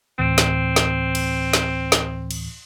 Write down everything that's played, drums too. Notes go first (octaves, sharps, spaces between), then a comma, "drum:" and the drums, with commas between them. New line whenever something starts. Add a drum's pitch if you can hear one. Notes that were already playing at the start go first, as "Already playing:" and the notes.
D2 A2 E3 C4
drum: snare
drum: snare
drum: cymbal
drum: snare
drum: snare
drum: cymbal